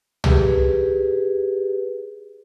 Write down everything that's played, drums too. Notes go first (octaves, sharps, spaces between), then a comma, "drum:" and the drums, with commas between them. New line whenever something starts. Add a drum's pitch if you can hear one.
G4 G#4 B4, drum: tom